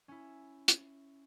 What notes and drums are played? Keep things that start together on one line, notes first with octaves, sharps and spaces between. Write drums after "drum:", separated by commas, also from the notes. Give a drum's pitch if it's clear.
C#4 E4
drum: hi-hat